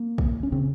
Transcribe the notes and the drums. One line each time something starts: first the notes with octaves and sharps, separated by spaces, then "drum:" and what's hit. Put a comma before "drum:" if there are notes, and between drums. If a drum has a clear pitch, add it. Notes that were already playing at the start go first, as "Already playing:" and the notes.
Already playing: A#3
drum: kick
C#4
C#3 C4